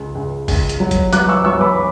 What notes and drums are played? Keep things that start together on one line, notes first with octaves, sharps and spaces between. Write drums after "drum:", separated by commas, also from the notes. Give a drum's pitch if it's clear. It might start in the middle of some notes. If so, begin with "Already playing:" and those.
Already playing: C#2
C#2
C#2, drum: kick G#1, open hi-hat
drum: hi-hat
F#3
drum: kick G#1, hi-hat
F#3 D6 F#6, drum: hi-hat
C#6 E6
F#3 C#6 E6
B5 D6
B5